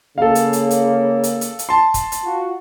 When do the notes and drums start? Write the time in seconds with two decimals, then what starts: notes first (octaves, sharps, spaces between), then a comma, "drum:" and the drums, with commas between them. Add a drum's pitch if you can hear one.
0.18 C#3 A#3 A4 F5
0.35 drum: hi-hat
0.53 drum: hi-hat
0.71 drum: hi-hat
1.24 drum: hi-hat
1.41 drum: hi-hat
1.59 drum: hi-hat
1.69 A5 C6
1.94 drum: kick, hi-hat
2.12 drum: hi-hat
2.26 F4 F#4